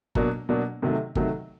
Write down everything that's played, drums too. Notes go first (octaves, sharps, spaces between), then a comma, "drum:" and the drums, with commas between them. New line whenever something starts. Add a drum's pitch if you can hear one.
B2 F#3 A#3 D4, drum: kick
B2 F#3 A#3 D4
C3 D#3 F#3 A3
C3 D#3 F#3 A3, drum: kick